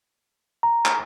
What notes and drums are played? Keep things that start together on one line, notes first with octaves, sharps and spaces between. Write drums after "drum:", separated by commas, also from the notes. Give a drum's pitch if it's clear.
A#5
drum: clap